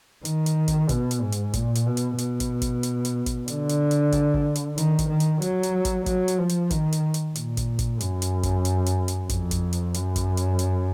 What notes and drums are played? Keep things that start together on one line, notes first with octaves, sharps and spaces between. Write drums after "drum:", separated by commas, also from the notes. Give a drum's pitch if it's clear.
D#3, drum: hi-hat
drum: hi-hat
drum: kick, hi-hat
B2, drum: kick, hi-hat
drum: hi-hat
G#2
drum: hi-hat
A#2, drum: kick, hi-hat
drum: hi-hat
B2
drum: hi-hat
B2, drum: hi-hat
drum: kick, hi-hat
drum: kick, hi-hat
drum: hi-hat
drum: hi-hat
drum: kick, hi-hat
D3, drum: hi-hat
drum: hi-hat
drum: hi-hat
drum: kick, hi-hat
drum: kick
drum: hi-hat
D#3, drum: hi-hat
drum: kick, hi-hat
D#3
drum: hi-hat
F#3, drum: hi-hat
drum: hi-hat
drum: kick, hi-hat
F#3, drum: kick, hi-hat
drum: hi-hat
F3
drum: hi-hat
D#3, drum: kick, hi-hat
drum: hi-hat
drum: hi-hat
A#2, drum: hi-hat
drum: kick, hi-hat
drum: kick, hi-hat
F#2, drum: hi-hat
drum: hi-hat
drum: kick, hi-hat
drum: hi-hat
drum: hi-hat
drum: hi-hat
F2, drum: kick, hi-hat
drum: kick, hi-hat
drum: hi-hat
F#2, drum: hi-hat
drum: kick, hi-hat
drum: hi-hat
drum: hi-hat